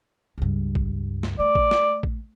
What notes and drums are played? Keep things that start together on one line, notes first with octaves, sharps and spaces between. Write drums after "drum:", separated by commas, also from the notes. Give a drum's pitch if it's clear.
C#2 G2
drum: kick A1
drum: snare
A3 D5
drum: kick A1
drum: snare
drum: kick A1